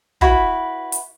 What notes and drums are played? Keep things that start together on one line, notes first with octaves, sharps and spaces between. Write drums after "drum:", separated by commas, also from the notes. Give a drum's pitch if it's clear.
E4 F#4 B4 B5, drum: kick
drum: hi-hat